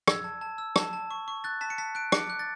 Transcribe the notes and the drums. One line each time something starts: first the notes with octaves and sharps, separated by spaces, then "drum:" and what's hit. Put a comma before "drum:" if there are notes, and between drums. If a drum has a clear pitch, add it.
E6 G#6, drum: rim click
A5
A5
E6
A5, drum: rim click
A5
C#6
C#6
F#6 A6
A5 B6
C#7
A5 B6
F#6 D7
D6 C#7, drum: rim click
F#6
A6